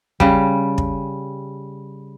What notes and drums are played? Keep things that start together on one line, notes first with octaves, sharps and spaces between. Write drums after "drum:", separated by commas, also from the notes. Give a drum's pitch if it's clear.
C#3 G3, drum: kick
drum: kick